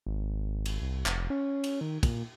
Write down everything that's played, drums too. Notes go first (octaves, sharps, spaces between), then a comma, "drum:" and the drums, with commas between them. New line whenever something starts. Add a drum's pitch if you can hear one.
G#1
drum: cymbal
C2
F1, drum: clap
C#4
drum: cymbal
D#3
A#2, drum: kick, cymbal